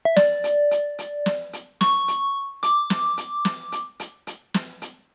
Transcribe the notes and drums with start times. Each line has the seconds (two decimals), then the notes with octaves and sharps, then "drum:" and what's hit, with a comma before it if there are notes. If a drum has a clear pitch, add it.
0.05 E5
0.16 D5, drum: snare
0.44 drum: hi-hat
0.71 drum: hi-hat
0.99 drum: hi-hat
1.26 drum: snare
1.53 drum: hi-hat
1.81 C#6, drum: snare
2.08 drum: hi-hat
2.63 D6, drum: hi-hat
2.90 drum: snare
3.17 drum: hi-hat
3.45 drum: snare
3.72 drum: hi-hat
4.00 drum: hi-hat
4.27 drum: hi-hat
4.54 drum: snare
4.82 drum: hi-hat